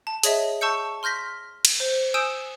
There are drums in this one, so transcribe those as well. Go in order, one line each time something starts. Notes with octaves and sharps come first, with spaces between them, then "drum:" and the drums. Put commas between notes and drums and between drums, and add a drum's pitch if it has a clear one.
A5
G#4 C#5 D#5 E5, drum: hi-hat
A5 C#6 E6 G6 C#7
C6 F6 G6 A#6 B6
drum: cymbal
C5
G#5 D#6 E6 G6 D7 E7